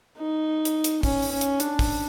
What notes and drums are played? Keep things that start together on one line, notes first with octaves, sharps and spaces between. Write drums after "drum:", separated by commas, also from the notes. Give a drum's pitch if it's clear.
D#4
drum: hi-hat
drum: hi-hat
C#4, drum: kick, open hi-hat
drum: open hi-hat
C#4
drum: hi-hat
D4, drum: hi-hat
drum: kick, open hi-hat